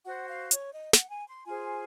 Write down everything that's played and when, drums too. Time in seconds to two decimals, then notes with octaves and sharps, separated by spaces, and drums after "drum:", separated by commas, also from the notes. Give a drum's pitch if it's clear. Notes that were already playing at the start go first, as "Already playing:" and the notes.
0.03 F#4 C5 F#5
0.27 F5
0.51 C#5, drum: hi-hat
0.75 D#5
0.93 F#5, drum: snare
1.10 G#5
1.28 C6
1.46 F4 G#4 C5 G#5